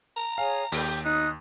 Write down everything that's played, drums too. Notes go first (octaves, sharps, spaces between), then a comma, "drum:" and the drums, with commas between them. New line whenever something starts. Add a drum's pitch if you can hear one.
A#5
G#4 C#5 F5 G#5
D#2 G4, drum: open hi-hat
D#4 D#6 F#6